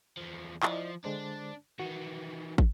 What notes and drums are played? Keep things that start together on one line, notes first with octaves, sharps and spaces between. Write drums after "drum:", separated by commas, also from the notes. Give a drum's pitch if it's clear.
E2 F3
F3 E4 D5 D#5, drum: clap
D3 G#3 D4 C5
D#3 E3 F#4
drum: kick